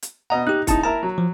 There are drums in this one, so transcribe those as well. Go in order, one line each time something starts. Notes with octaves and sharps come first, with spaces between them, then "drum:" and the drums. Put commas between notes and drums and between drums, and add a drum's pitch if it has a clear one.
drum: hi-hat
B2 D#5 F#5 A#5
D#4 G4 F#6
C#3 D#4 E4 A5, drum: kick, hi-hat
E4 A#4 A5 A#5
F#3
F3